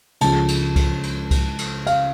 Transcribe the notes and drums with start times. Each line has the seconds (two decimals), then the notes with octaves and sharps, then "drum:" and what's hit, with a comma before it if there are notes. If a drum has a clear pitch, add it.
0.21 C#2 C#3 F3 A5, drum: cymbal
0.48 drum: cymbal
0.76 drum: kick C2, cymbal
1.03 drum: cymbal
1.31 drum: kick C2, cymbal
1.58 drum: cymbal
1.87 F5, drum: cymbal